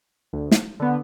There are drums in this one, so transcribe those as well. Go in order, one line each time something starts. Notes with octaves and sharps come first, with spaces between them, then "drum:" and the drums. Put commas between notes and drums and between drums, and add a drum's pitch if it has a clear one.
D2
drum: snare
D3 B3